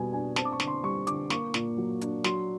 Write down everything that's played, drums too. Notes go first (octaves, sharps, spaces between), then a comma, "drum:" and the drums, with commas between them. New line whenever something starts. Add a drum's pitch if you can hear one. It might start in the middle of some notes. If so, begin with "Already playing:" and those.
Already playing: B2 G3 B3 G#5
D4 G#5
C4 A5, drum: snare
D6
C#6
D3, drum: snare
C6
G3 C#6
D3 D6, drum: hi-hat
A#3 C#6, drum: snare
A#2, drum: snare
F#3
D4, drum: hi-hat
F#3 C6, drum: snare